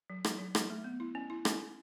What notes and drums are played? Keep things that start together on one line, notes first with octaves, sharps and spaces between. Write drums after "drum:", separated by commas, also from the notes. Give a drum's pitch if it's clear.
F#3
drum: rim click
F#3
drum: rim click
A3
B3
E4
C#4
E4
C#4, drum: rim click